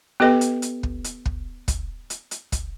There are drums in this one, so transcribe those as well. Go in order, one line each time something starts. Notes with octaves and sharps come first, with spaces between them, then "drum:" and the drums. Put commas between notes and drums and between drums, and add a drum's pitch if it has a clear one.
B3 G4 A4 B4 D#5
drum: hi-hat
drum: hi-hat
drum: kick
drum: hi-hat
drum: kick
drum: kick, hi-hat
drum: hi-hat
drum: hi-hat
drum: kick, hi-hat